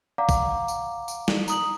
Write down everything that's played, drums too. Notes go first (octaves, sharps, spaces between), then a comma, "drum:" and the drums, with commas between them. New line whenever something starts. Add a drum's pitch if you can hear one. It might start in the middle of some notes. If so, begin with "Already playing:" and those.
D5 F5 F#5 A#5 D6
drum: kick, tambourine
drum: tambourine
drum: tambourine
drum: snare
A#5 D#6 F#7, drum: tambourine